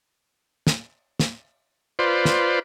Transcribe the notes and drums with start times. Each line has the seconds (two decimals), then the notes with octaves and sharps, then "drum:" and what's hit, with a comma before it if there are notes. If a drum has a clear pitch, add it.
0.67 drum: snare
1.20 drum: snare
1.99 F4 B4 C5 D5
2.25 drum: snare